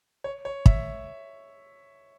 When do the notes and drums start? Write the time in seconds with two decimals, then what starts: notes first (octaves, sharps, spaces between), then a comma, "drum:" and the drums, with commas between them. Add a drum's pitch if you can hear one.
0.24 C#5
0.45 C#5
0.66 E5, drum: kick